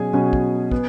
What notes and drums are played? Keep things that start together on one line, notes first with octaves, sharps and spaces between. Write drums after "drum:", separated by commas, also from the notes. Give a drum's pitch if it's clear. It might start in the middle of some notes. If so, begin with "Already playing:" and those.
Already playing: B2 F#3 C#4 G#4 G#5
B2 F#3 C#4
drum: kick
B3, drum: kick